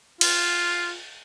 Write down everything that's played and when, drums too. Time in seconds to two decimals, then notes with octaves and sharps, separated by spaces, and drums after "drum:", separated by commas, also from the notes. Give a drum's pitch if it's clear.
0.21 F4, drum: cymbal